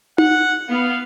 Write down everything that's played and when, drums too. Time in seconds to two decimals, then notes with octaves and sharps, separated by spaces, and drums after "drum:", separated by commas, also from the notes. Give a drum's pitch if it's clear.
0.18 F#5, drum: tom D#4
0.69 B3 F5